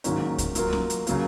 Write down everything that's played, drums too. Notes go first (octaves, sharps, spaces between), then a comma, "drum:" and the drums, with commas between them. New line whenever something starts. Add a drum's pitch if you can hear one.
G#2 D#3 F#3 A#3 C#4, drum: hi-hat
drum: kick C#2, hi-hat
F#3 A#3 F4 A#4, drum: hi-hat
drum: snare C#4
drum: hi-hat
C#3 F#3 A#3, drum: hi-hat